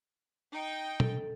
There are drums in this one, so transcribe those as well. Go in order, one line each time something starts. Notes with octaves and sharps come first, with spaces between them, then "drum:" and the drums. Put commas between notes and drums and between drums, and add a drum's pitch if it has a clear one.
D#4 G5
A4, drum: tom